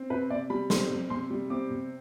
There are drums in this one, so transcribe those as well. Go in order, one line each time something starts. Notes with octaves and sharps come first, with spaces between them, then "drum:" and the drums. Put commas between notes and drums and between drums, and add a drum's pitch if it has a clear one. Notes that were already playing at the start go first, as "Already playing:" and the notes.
Already playing: C4
C3 B4
C3 D5
G3 B5
C4 C6, drum: snare
C3
C3 C6
G3
C4 D6
C3